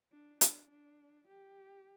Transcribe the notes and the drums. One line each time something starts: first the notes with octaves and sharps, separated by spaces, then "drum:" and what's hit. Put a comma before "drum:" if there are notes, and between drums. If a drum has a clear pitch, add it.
D4
D4, drum: hi-hat
D4
G4